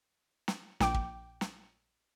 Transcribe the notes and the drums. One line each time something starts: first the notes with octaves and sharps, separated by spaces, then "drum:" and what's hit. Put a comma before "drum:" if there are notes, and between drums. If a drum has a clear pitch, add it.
drum: snare
A#1 G5 D6, drum: snare
drum: kick
drum: snare